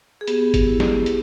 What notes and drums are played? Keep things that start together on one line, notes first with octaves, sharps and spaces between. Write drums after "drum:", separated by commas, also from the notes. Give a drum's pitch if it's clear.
G#4
B3 G4, drum: hi-hat
drum: kick G1, hi-hat
E4
drum: snare
B3, drum: hi-hat